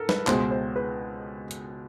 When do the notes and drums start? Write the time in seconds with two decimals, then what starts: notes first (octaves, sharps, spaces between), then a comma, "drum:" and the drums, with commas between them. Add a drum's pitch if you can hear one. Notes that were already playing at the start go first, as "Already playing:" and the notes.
Already playing: A4 A#4
0.09 B4, drum: snare
0.27 C#2 B2 G#3 C5, drum: clap
0.51 C5
0.76 B4
1.51 drum: hi-hat